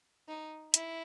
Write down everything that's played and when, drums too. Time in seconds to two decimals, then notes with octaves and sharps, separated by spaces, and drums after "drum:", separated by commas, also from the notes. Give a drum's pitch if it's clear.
0.28 D#4
0.74 E4, drum: hi-hat